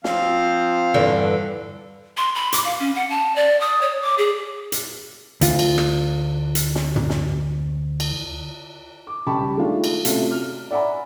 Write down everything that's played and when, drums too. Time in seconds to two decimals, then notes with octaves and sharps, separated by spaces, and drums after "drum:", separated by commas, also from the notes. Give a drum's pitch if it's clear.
0.04 F3 C4 F5, drum: snare
0.94 E2 G2 D3
2.17 C6
2.35 B5
2.53 D6, drum: hi-hat
2.64 F5
2.80 C#4
2.95 F#5
3.10 A5
3.36 D5
3.61 D#6
3.82 C#5
4.02 D6
4.18 G#4
4.72 drum: hi-hat
5.41 D2 F4, drum: hi-hat
5.59 drum: cymbal
5.78 drum: rim click
6.55 drum: hi-hat
6.75 drum: snare
6.96 drum: tom
7.10 drum: snare
8.00 drum: cymbal
9.07 D6
9.27 C#2 G3 G4 A5 B5 C#6
9.57 D#3 G#3 A3 D4 F4
9.84 drum: cymbal
10.05 C3 A3 C#4 F4 F#4 A4, drum: hi-hat
10.31 F6
10.71 D5 E5 F#5 G#5 A#5 B5